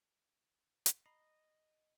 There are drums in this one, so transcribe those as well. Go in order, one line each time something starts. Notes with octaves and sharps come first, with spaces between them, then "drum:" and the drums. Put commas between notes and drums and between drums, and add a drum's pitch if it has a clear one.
drum: hi-hat
D#5 A#5 B5 C7